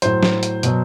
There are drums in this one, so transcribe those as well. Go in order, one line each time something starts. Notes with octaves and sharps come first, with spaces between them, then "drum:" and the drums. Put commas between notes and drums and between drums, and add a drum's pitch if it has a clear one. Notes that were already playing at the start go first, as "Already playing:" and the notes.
A2 F#3 C5, drum: hi-hat
drum: snare
drum: hi-hat
B2 F#3, drum: hi-hat